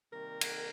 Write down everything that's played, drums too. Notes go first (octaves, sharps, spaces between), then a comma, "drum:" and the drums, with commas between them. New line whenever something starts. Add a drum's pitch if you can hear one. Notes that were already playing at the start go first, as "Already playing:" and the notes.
C3 D#3 G3 A#3 A#4
drum: cymbal